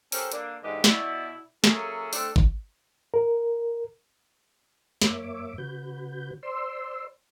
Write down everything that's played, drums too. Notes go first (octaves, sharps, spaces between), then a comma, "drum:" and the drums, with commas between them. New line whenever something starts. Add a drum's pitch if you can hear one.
C#4 G4 A4 A#4 C5 C#5, drum: open hi-hat
D3 A#3 D4, drum: hi-hat
G#2 D3 E3 G4 B4 D#5
B2 E4 D5, drum: snare
F#3 A#3 C#4 G#4 A4 E5, drum: snare
A3 C4 D4 A4, drum: open hi-hat
drum: kick
A#4
F#2 A#3 C#5 E5 D6, drum: snare
C#3 F#4 B4 G6
C5 D5 C6 E6